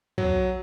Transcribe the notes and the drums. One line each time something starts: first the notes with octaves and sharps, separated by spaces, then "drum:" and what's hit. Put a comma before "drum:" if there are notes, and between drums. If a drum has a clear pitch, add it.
F#3, drum: tom